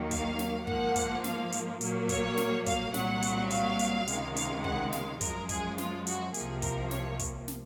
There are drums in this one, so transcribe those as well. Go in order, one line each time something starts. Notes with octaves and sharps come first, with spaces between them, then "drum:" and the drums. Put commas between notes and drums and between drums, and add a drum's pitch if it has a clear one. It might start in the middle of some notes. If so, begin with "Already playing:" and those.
Already playing: D#2 D#3 F#3 A#3
F5, drum: kick, hi-hat
drum: snare
G#2 F3 A#3 F#5, drum: kick
drum: kick, hi-hat
F5, drum: snare
drum: hi-hat
A#2 F#3 A#3, drum: hi-hat
C#5, drum: kick, hi-hat
drum: snare
F5, drum: kick, hi-hat
C2 A#2 F#3 F#5, drum: snare
drum: hi-hat
F5, drum: hi-hat
drum: hi-hat
C#2 C3 D#3 G#3, drum: hi-hat
F5, drum: hi-hat
F#5, drum: kick
F5, drum: snare
F#2 F3 G#3 A#4, drum: kick, hi-hat
G#4, drum: kick, hi-hat
F4, drum: snare
F#4, drum: hi-hat
C2 C3 F3 A#3 G#4, drum: hi-hat
A#4, drum: kick, hi-hat
C#5, drum: snare
drum: kick, hi-hat
drum: snare